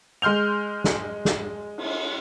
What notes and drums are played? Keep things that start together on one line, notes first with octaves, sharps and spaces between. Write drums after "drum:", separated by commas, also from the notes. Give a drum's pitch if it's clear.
G#3 C6 F6 G6 F7
drum: snare
drum: snare
drum: cymbal